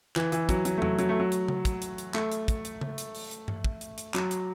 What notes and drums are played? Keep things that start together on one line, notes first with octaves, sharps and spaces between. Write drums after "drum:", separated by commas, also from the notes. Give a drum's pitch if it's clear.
E3, drum: clap
E3, drum: hi-hat
F#3, drum: kick, hi-hat
F#3, drum: hi-hat
A3
F#3, drum: tom E2
F#3, drum: hi-hat
A3
F#3
drum: hi-hat
drum: tom C#3
drum: kick, hi-hat
drum: hi-hat
drum: hi-hat
A3, drum: clap
drum: hi-hat
drum: kick, hi-hat
drum: hi-hat
drum: tom C#3
drum: hi-hat
drum: open hi-hat
drum: hi-hat
drum: tom G2
drum: kick
drum: hi-hat
drum: hi-hat
F#3, drum: clap
drum: hi-hat